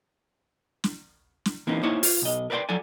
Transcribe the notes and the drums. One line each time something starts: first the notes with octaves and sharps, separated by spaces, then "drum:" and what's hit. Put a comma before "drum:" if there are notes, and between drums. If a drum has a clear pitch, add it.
drum: snare
drum: snare
E3 A#3 C4 C#4 D#4
A#3 D#4 E4 C5 C#5
F4, drum: open hi-hat
B1 D#5
A#4 B4 D5 E5 G5 C6
F3 F#3 A4 D5 G#5